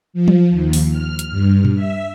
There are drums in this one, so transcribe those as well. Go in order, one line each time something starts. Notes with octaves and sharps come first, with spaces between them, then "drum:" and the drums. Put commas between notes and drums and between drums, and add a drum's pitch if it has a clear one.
F3
drum: tom F#3
D#2
drum: open hi-hat
F6
drum: hi-hat
G2
drum: tom A#2
E5